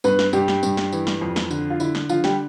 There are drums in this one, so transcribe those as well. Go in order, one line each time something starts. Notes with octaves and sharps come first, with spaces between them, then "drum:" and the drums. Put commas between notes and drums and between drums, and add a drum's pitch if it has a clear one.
G2 B3 B4, drum: tambourine
drum: snare
G2 G3 G4, drum: tambourine
drum: snare
G2, drum: tambourine
drum: snare
E3, drum: tambourine
drum: snare
F2
drum: snare
D3, drum: tambourine
F4
D3 E4, drum: tambourine
drum: snare
D3 F3 F4, drum: tambourine
G3 G4, drum: snare